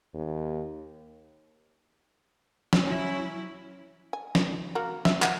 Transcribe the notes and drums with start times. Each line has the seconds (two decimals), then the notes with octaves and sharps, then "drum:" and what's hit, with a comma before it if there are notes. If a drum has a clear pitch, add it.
0.14 D#2
2.73 drum: snare
2.83 F#3 C#4 E4
4.13 G#5
4.35 D#4, drum: snare
4.75 A#3 F#4 A#4
5.05 E5, drum: snare
5.22 F#5, drum: clap